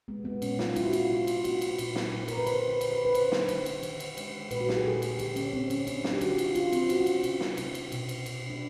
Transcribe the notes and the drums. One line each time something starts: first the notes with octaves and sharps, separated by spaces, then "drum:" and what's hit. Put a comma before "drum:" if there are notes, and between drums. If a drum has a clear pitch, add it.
G#3 B3
B3
A#2 C#4, drum: cymbal
F4, drum: snare
A#2 E4, drum: cymbal
F#4
F4, drum: cymbal
C3 F4
drum: cymbal
A#3 F#4, drum: cymbal
drum: cymbal
A#2, drum: cymbal
drum: snare
A#2
A#4, drum: cymbal
B4
D3 C5, drum: cymbal
B4
D3, drum: cymbal
B4
B4
D3 C5, drum: cymbal
drum: snare
D3, drum: cymbal
drum: cymbal
D#3, drum: cymbal
drum: cymbal
G#3, drum: cymbal
A#2 B4, drum: cymbal
F#4
G4, drum: snare
G#4
A#2 A4
drum: cymbal
D3 G4, drum: cymbal
C#4, drum: cymbal
D3 C4
C#4, drum: cymbal
D3 D4, drum: cymbal
D4, drum: snare
G4
D3 F#4, drum: cymbal
F4, drum: cymbal
D#3 F4, drum: cymbal
C4, drum: cymbal
F4
D#3 F#4, drum: cymbal
C#4
D4, drum: cymbal
C3 C#4, drum: cymbal
drum: snare
C3, drum: cymbal
drum: cymbal
B2, drum: cymbal
drum: cymbal
B2, drum: cymbal
D4